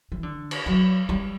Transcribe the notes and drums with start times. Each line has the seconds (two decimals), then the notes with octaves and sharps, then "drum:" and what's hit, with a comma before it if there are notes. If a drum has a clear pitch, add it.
0.12 E3
0.23 D3
0.51 drum: cymbal
0.66 F#3
1.09 G3